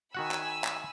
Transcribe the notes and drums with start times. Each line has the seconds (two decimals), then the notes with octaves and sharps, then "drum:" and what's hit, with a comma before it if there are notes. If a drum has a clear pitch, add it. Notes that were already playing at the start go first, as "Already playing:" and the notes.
0.15 D#3 F#4 F#5 G#5 B5 E6
0.31 drum: clap
0.64 drum: clap